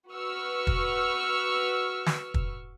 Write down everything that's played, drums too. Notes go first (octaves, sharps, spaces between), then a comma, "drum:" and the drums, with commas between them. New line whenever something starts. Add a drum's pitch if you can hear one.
F#4 B4 C#6 E6 F6
drum: kick
drum: snare
drum: kick